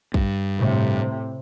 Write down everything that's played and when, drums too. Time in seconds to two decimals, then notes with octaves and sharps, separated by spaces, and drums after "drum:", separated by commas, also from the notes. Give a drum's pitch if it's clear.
0.14 G2, drum: kick
0.58 A2 C3